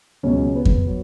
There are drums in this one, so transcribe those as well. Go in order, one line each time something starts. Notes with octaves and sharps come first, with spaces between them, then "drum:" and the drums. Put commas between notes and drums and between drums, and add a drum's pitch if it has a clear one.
C#2 B2 F#3 C#4
B3
drum: kick F2
F#3